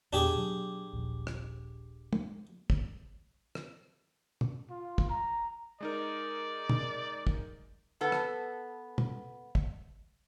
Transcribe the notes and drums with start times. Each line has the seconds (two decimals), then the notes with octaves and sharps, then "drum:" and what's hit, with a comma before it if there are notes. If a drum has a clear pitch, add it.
0.13 E2 A#2 B3 D4 G4 G#4
0.35 B2 F#3
0.93 D#1 A#1
1.27 drum: rim click
2.13 drum: tom
2.70 drum: kick
3.55 drum: rim click
4.41 drum: tom
4.70 F4
4.98 drum: kick
5.09 A#5
5.81 G#3 D#4 A#4 D5
6.69 drum: tom
7.27 drum: kick
8.01 B3 A4 A5
8.12 drum: rim click
8.98 drum: tom
9.55 drum: kick